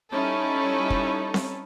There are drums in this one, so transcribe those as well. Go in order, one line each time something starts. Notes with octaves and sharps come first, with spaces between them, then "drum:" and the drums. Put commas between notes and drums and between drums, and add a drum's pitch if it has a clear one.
G3 C#4 D#4 E4 A4
drum: kick
drum: snare C4